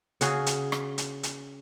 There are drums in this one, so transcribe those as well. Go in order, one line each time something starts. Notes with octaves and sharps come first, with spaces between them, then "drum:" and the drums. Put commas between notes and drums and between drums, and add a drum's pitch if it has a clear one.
C#3 F#4 G#4, drum: hi-hat
drum: hi-hat
drum: rim click
drum: hi-hat
drum: hi-hat